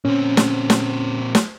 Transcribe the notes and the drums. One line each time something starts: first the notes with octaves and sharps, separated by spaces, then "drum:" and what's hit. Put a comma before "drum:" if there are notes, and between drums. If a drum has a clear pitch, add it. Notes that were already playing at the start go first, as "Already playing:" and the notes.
A#2 C4 C#4
drum: snare
drum: snare
drum: snare